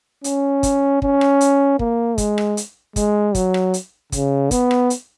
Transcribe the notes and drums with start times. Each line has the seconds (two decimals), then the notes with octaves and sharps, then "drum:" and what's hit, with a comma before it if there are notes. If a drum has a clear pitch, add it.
0.24 C#4, drum: hi-hat
0.63 drum: kick, hi-hat
1.02 C#4, drum: kick
1.21 drum: rim click
1.41 drum: hi-hat
1.79 A#3, drum: kick
2.18 G#3, drum: kick, hi-hat
2.38 drum: rim click
2.57 drum: hi-hat
2.96 G#3, drum: kick, hi-hat
3.35 F#3, drum: kick, hi-hat
3.54 drum: rim click
3.74 drum: hi-hat
4.12 C#3, drum: kick, hi-hat
4.51 B3, drum: kick, hi-hat
4.71 drum: rim click
4.90 drum: hi-hat